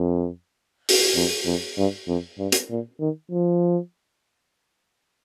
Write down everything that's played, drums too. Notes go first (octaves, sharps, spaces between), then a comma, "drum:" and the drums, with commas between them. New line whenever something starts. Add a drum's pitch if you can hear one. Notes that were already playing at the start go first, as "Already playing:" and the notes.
Already playing: F2
drum: open hi-hat
F2
F2
G2
F2
G2
drum: hi-hat
A#2
D#3
F3